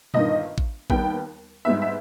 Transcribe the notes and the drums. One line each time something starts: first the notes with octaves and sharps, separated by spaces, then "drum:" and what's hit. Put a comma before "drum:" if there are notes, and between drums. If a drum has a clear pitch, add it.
G1 G2 D#3 D#5, drum: tom A#2
drum: kick A1
D#2 D#3 G3 B3 G5, drum: kick A1
G#2 G3 B3 E5
E5